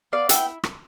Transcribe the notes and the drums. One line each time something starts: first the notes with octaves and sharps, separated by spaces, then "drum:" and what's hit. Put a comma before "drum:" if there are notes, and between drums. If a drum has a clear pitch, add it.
B3 D5 F5
E5 G5, drum: hi-hat
E4
drum: rim click